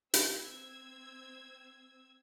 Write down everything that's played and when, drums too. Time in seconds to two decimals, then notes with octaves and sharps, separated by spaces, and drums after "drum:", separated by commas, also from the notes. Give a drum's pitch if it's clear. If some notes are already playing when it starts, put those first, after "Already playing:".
0.14 C4 E6 G#6, drum: hi-hat